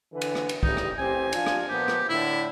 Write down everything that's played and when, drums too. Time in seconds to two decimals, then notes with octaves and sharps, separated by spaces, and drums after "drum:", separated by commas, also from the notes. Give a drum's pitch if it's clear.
0.12 D3 E3 B4
0.21 drum: cymbal
0.35 drum: rim click
0.49 drum: cymbal
0.63 A1 C#3 G3 D#4, drum: kick
0.77 drum: rim click
0.98 A1 C4 G4 G#5
1.33 F3 D4 F4, drum: cymbal
1.46 drum: rim click
1.69 A#2 F3 B3 G4
1.88 drum: rim click
2.09 A2 D3 E4